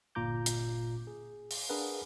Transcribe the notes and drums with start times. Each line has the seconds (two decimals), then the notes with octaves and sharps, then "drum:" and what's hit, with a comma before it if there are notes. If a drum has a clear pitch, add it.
0.15 G1 A#2 F4 A#5 D6 G6
0.46 drum: hi-hat
1.07 G#4
1.51 drum: open hi-hat
1.69 D4 G#4 A#4 B4 F#5